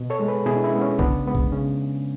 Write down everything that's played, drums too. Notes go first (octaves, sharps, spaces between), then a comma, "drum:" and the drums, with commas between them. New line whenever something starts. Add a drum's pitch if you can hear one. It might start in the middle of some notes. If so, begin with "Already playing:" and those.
Already playing: B2
A4 C#5
G#3 B3
G#4 B4
B2 E4 G#4
D4
C#4 E4
G#3 B3
C#4
C#3 B3 D4, drum: kick B1
G#3 B3
drum: kick B1
C#3 C#4